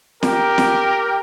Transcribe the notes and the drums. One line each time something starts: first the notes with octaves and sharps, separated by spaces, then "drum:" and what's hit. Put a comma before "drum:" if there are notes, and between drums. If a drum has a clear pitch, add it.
G4 A#4, drum: snare
drum: snare